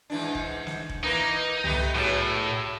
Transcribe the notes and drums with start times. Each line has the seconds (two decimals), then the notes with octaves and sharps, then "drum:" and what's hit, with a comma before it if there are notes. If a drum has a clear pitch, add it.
0.10 G#2 E3 D4
0.35 drum: kick F1
0.67 drum: snare
0.89 drum: kick F1
1.03 E3 A#3 D#4 B4
1.64 A3 B3 G4, drum: tom
1.95 A2 F#3 B3 G#4